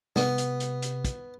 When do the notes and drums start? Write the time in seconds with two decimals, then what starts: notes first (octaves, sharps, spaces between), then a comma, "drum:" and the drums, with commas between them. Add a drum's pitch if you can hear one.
0.16 C3 B3, drum: snare
0.38 drum: hi-hat
0.60 drum: hi-hat
0.82 drum: hi-hat
1.05 drum: kick, hi-hat